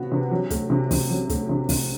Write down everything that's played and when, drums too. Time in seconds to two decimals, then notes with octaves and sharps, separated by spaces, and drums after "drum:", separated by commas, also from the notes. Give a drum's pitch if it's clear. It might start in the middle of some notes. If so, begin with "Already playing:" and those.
Already playing: C3 F#3 B3 F#4
0.12 C3
0.31 F#3
0.50 A3, drum: kick, hi-hat
0.70 C3
0.91 C3, drum: kick, open hi-hat
1.10 F#3
1.29 A3, drum: kick, hi-hat
1.49 C3
1.69 C3, drum: kick, open hi-hat